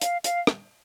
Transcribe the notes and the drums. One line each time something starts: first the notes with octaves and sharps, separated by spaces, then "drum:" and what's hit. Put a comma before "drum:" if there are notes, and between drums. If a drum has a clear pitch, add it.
F5, drum: hi-hat
F5, drum: hi-hat
drum: rim click